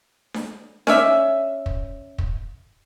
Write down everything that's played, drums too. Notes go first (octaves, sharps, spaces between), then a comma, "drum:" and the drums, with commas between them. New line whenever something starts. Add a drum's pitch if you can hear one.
drum: snare D4
C#4 D5 E5, drum: snare D4
drum: kick
drum: kick